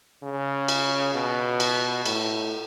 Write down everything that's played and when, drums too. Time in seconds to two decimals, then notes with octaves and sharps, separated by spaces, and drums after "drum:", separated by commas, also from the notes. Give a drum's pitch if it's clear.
0.23 C#3
0.68 drum: cymbal
1.14 B2
1.60 drum: cymbal
2.06 A2, drum: cymbal